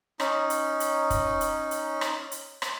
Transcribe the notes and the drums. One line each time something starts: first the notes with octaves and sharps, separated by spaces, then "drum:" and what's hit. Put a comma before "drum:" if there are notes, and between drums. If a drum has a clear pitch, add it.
C#4 D#4, drum: rim click
drum: hi-hat
drum: hi-hat
drum: kick, hi-hat
drum: hi-hat
drum: hi-hat
drum: rim click
drum: hi-hat
drum: rim click